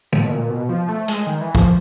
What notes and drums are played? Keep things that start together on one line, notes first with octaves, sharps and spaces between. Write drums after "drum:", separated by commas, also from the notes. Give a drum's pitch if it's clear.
A2, drum: tom D3
B2
A#2
B2
F3
A3
G#3, drum: hi-hat
D#3
E3
F3, drum: kick